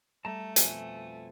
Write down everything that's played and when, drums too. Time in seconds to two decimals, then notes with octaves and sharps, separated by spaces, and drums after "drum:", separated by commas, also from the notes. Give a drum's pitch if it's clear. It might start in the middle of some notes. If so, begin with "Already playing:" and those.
0.25 G3 A3 A5 A#5
0.56 F2 B2 G#5, drum: hi-hat